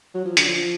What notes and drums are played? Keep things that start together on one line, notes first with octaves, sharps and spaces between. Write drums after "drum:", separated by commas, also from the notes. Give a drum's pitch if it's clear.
F#3
F3
D3, drum: hi-hat
F3